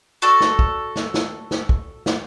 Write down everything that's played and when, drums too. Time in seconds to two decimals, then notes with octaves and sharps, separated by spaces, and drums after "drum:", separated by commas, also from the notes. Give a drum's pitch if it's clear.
0.22 F#4 A4 D5
0.41 drum: snare
0.59 drum: kick
0.96 drum: snare
1.14 drum: snare
1.51 drum: snare
1.69 drum: kick
2.06 drum: snare